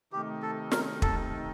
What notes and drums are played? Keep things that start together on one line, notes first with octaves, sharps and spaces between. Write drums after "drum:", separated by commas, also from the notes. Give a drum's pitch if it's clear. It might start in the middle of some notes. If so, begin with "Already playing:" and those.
C3 D#3 A3 D#4 G4
A4
A#4, drum: snare
A4, drum: kick